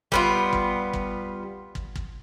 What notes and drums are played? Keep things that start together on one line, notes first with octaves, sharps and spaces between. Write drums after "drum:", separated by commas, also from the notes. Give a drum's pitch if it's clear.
G3 B3 F4, drum: kick
drum: kick
drum: kick
drum: kick
drum: kick